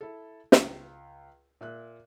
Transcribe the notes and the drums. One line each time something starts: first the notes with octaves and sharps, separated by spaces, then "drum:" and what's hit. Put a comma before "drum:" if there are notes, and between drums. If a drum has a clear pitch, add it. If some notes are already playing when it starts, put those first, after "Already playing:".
E4 A4
C#2, drum: snare
A#2 E5 F#6